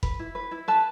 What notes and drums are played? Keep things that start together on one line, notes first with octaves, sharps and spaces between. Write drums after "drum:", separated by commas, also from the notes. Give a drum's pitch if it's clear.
B4, drum: kick F#1
E4
B4
E4
B4 A5